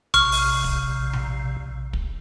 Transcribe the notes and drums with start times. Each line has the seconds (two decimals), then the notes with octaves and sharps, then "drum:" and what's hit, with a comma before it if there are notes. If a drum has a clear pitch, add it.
0.14 A#1 C3 C#6 F6, drum: hi-hat
0.32 drum: open hi-hat
0.64 drum: kick
1.13 drum: tom C3
1.93 drum: kick